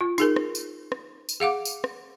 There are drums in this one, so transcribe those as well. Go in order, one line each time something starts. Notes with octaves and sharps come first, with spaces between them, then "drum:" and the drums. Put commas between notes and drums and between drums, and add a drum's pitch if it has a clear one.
F4
D#4 G#4 A#4, drum: tambourine
drum: rim click
drum: tambourine
drum: rim click
drum: tambourine
G#4 F5 F#5 D6
drum: tambourine
drum: rim click